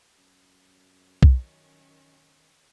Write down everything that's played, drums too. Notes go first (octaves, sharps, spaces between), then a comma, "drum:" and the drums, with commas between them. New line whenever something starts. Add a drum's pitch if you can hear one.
F#2
D#3 C#4, drum: kick B1